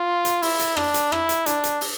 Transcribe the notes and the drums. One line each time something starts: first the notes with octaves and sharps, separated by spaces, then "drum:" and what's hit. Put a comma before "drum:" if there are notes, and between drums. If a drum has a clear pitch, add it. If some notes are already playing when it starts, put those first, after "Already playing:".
Already playing: F4
drum: hi-hat
E4, drum: open hi-hat
drum: hi-hat
D4, drum: rim click
drum: hi-hat
E4, drum: rim click
drum: hi-hat
D4, drum: hi-hat
drum: hi-hat
drum: open hi-hat